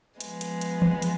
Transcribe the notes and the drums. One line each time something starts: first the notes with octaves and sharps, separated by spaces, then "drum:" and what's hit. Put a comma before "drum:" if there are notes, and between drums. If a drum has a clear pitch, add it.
F3 G#3 B3, drum: hi-hat
drum: hi-hat
drum: hi-hat
drum: tom E3
drum: hi-hat